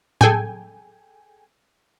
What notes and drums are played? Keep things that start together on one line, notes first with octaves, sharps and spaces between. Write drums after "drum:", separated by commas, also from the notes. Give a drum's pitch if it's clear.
G#4 A4 G5 G#5, drum: tom A2